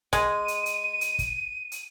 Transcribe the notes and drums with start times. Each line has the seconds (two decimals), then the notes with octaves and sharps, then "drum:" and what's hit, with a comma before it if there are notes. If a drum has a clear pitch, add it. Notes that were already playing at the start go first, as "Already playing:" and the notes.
0.13 G#3 D#7, drum: kick, hi-hat
0.48 drum: hi-hat
0.66 drum: hi-hat
1.01 drum: hi-hat
1.19 drum: kick, hi-hat
1.72 drum: hi-hat